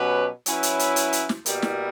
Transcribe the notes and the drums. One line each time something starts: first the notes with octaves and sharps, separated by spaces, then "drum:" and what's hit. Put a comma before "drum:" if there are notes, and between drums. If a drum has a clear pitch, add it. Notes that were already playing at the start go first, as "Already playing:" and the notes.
Already playing: B2 F#3 C#4 G4 B4
F#3 C#4 E4 B4, drum: hi-hat
drum: hi-hat
drum: hi-hat
drum: hi-hat
drum: hi-hat
drum: snare
B2 G3 A#3 E4 A#4, drum: hi-hat
drum: snare